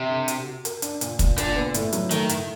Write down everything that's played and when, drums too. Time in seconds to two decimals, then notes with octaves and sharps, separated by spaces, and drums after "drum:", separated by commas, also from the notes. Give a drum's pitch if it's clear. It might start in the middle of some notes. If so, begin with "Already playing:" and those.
Already playing: C3
0.09 D3
0.28 F#4, drum: hi-hat
0.46 F#4
0.65 A#4, drum: hi-hat
0.82 D4, drum: hi-hat
1.01 A#2, drum: hi-hat
1.19 A#2, drum: kick, hi-hat
1.38 A#2 D3, drum: hi-hat
1.56 B3
1.74 A2, drum: hi-hat
1.92 F#3, drum: hi-hat
2.11 D#3 A3, drum: hi-hat
2.29 A2, drum: hi-hat